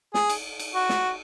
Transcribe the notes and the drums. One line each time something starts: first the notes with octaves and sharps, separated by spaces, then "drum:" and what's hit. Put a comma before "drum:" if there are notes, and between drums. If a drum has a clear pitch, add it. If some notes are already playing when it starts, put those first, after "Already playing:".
G#4, drum: snare
drum: cymbal
drum: cymbal
F#4
drum: snare